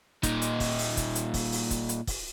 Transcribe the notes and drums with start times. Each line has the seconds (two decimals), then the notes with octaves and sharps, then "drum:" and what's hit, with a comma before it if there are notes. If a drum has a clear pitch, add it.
0.23 A#2 D#4, drum: kick, hi-hat
0.42 drum: hi-hat
0.60 drum: kick, open hi-hat
0.78 drum: open hi-hat
0.97 drum: kick, hi-hat
1.15 drum: hi-hat
1.34 drum: kick, open hi-hat
1.52 drum: open hi-hat
1.71 drum: kick, hi-hat
1.89 drum: hi-hat
2.07 drum: kick, open hi-hat